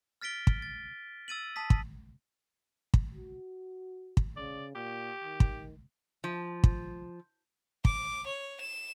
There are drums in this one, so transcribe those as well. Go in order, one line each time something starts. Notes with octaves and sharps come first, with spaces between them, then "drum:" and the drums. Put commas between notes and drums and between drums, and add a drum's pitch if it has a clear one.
F6 A6 B6 D7 G7
drum: kick
A6
E6 A6 D#7 F#7
A5 D#6 B6
drum: kick
drum: kick
F#4
drum: kick
C#3 D5
A#2 G4
D#3
drum: kick
F3
drum: kick
D6, drum: kick
C#5
E7